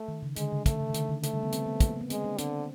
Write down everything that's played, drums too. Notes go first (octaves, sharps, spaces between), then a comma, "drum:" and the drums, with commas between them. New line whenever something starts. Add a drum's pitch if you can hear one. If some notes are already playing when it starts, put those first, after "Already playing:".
Already playing: A3
D#3
C#3
D3 G#3, drum: hi-hat
C#3
D3 A3, drum: kick, hi-hat
C#3
D#3
D3, drum: hi-hat
D3
C#3 A3, drum: hi-hat
G3
B3
C4, drum: hi-hat
B3
A#3, drum: kick, hi-hat
A#3
B3
G#3 C4, drum: hi-hat
D4
D3 C4, drum: hi-hat